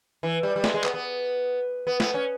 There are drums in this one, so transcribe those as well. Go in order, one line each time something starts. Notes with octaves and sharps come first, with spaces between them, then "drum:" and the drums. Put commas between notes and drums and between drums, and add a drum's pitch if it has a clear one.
E3
G3
G3
G#3, drum: snare
G#3
B3, drum: clap
B3
B3
B3, drum: snare
C#4